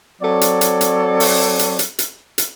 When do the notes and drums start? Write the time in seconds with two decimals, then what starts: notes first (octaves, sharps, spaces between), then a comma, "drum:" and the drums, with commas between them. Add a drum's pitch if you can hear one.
0.22 F#3 C4 A4 C#5 D5
0.41 drum: hi-hat
0.61 drum: hi-hat
0.81 drum: hi-hat
1.20 drum: open hi-hat
1.59 drum: hi-hat
1.79 drum: hi-hat
1.99 drum: hi-hat
2.38 drum: hi-hat